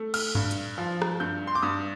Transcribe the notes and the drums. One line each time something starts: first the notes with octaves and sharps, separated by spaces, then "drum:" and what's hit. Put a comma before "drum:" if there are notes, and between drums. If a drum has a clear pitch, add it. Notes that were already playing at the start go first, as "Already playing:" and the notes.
Already playing: A3
F6, drum: cymbal
G2, drum: tom G2
drum: hi-hat
F3
drum: rim click
G2 G6
C6
D6
G2 D#6